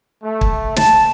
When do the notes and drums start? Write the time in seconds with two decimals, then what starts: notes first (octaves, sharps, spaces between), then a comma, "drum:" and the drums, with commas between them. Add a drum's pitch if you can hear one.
0.23 A3
0.41 drum: kick
0.76 A5, drum: snare